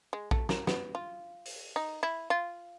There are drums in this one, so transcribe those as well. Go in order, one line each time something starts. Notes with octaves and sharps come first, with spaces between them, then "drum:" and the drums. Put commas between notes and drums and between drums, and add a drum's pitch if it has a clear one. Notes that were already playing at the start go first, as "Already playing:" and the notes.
G#3
A3, drum: kick A#1
A#3, drum: snare
B3, drum: snare
F4
drum: open hi-hat
D#4
E4
F4